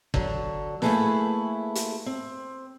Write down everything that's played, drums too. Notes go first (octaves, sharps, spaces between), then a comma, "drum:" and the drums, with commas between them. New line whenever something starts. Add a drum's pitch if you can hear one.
D3 F#3, drum: kick
A3 A#3 E4 G#4 A4 B4, drum: snare
drum: hi-hat
C4